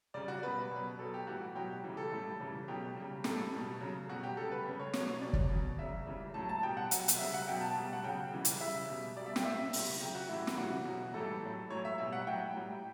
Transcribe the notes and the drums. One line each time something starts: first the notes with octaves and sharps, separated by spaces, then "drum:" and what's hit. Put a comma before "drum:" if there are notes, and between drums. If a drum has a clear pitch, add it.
C#3 G3 D5
F#4
B2 G3 B4
B2 F#3
B2 F#3 A4
G4
A2 E3 G3 F#4
B2 F#3 G4
C#3 E3 G3
A4
A2 G3
C#3 E3 G3
B2 F#3 G4
C#3 G3
A2 G3 A4, drum: snare
B2 G3
C#3 F#3
B2 G3 F#4
G4
C#3 G3 A4
B4
C#3 G3
C#5
B2 F#3 C#5, drum: snare
C#5
B2 G3 D5
drum: kick
B2 F#3
C#3 F#3 E5
C#3 E3 G3
A2 F#3 A5
A5
B2 G3 G5
F#5
B2 F#3, drum: hi-hat
drum: hi-hat
C#3 G3 E5
F#5
B2 F#3 G5
A5
B2 G3
F#5
C#3 F#3 G5
C#3 E3 G3
drum: hi-hat
C#3 G3 E5
B2 G3
B2 G3 D5
E5
G5, drum: snare
A2 G3 E5
C#3 G3, drum: open hi-hat
C#3 F#3 G4
F#4
A2 E3 G3 E4
drum: snare
C#3 E3 G3 F#4
B2 F#3
A2 E3 G3 A4
A2 F#3
A2 F#3 C#5
E5
B2 G3 E5
F#5
A2 F#3 G5
A2 G3